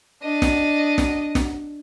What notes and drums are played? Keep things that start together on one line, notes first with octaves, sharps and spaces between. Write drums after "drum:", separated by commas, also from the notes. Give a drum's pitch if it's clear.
D4 D#5
drum: snare
drum: snare
drum: snare